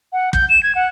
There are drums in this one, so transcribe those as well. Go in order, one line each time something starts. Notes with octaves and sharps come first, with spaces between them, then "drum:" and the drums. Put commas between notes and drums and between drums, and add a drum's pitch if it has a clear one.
F#5
G6, drum: kick
E7
G#6
F#5